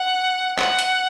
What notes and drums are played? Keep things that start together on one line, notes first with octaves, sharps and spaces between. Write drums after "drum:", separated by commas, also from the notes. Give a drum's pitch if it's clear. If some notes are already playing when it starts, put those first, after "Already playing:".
Already playing: F#5
F#5, drum: clap
drum: hi-hat